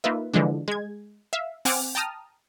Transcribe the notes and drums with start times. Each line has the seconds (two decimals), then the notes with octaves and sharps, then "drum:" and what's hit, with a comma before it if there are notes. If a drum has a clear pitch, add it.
0.04 A#3 D#4 F4 B4 E5
0.34 D3 E3 F3 G#3 D4
0.68 G#3 G#6
1.33 E5 F5
1.65 C4 F#5 G#5 D6 F6, drum: open hi-hat
1.95 G5 A5 A#5 D#6 F6